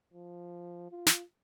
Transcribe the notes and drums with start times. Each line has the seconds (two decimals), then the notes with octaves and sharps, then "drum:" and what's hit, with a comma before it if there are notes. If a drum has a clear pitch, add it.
0.14 F3
0.91 F4
1.06 drum: snare